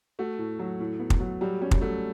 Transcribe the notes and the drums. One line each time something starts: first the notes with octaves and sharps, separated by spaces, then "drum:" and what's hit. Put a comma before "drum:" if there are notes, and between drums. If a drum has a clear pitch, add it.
A3 F#4
A2
F#3
A2
B3
drum: kick
F#3
F#3 G3
G3 C#4
drum: kick
F#3 A3